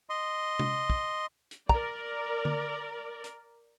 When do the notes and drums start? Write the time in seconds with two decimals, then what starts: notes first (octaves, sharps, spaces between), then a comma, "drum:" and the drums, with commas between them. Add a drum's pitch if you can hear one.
0.10 D#5 C6
0.59 drum: tom C3
0.90 drum: kick
1.51 drum: hi-hat
1.69 A#4 D5 A#5, drum: kick
2.45 drum: tom D3
3.24 drum: hi-hat